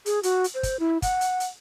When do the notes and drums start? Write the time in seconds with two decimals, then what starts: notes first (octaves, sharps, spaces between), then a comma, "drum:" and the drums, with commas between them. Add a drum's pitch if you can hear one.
0.06 G#4, drum: hi-hat
0.23 F#4, drum: hi-hat
0.44 drum: hi-hat
0.54 C5
0.63 drum: kick, hi-hat
0.79 E4
1.02 F#5, drum: kick, hi-hat
1.21 drum: hi-hat
1.40 drum: hi-hat